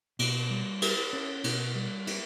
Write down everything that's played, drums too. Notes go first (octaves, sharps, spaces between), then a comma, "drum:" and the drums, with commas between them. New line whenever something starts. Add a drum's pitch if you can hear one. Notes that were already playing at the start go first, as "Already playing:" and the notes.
B2, drum: cymbal
G3
E4, drum: cymbal
C#4
B2, drum: cymbal
G3
E4, drum: cymbal